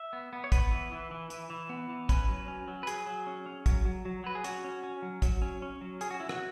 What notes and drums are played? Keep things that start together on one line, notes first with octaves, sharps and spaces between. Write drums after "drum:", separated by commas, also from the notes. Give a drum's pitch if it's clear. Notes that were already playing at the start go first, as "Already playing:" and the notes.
Already playing: E5
B3
B3
C#5
B3 B4, drum: kick, hi-hat
E3
E3
E3
E3, drum: hi-hat
E3
B3
E3
C#4 B4, drum: kick, hi-hat
F#3
C#4
F#3
B4
F#3 G#4, drum: hi-hat
F#3
C#4
C#4
F#3, drum: kick, hi-hat
F#3
F#3
F#3 B4
G#4
C#4 F#4, drum: hi-hat
C#4
C#4
F#3
F#3, drum: kick, hi-hat
C#4
C#4
F#3
C#4 G#4, drum: hi-hat
F#4
F#3 E4
F#4, drum: rim click